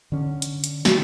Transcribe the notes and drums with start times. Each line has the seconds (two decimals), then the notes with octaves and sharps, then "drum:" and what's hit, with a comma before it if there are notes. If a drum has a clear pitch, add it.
0.12 D3 C#4
0.42 drum: hi-hat
0.64 drum: hi-hat
0.85 B2 D#3 G3 F#4, drum: snare